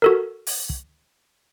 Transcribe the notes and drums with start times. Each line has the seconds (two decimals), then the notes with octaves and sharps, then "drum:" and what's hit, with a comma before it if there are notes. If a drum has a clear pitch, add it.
0.02 F#4 A4 A#4
0.47 drum: open hi-hat
0.70 drum: kick